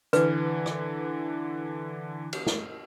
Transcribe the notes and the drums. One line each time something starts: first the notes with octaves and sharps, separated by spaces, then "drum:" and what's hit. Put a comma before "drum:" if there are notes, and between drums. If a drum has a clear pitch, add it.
D3 E3 B4, drum: hi-hat
drum: rim click
drum: cymbal
drum: snare